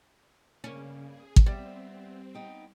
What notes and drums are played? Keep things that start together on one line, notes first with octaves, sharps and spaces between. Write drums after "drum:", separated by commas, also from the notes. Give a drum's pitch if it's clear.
G2 C#3 A#3 C#4
G#4
drum: kick
G3 B3 C4 E5
B3 D#4 G5